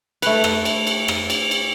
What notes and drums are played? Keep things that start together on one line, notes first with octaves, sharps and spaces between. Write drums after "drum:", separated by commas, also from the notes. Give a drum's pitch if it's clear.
A3 B4, drum: cymbal
drum: rim click
drum: cymbal
drum: cymbal
drum: rim click
drum: cymbal
drum: cymbal